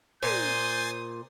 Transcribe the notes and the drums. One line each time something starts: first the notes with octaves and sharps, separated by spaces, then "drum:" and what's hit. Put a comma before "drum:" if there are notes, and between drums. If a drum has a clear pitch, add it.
A#2 C5 G#5 D#6 G6 A6 C7, drum: tom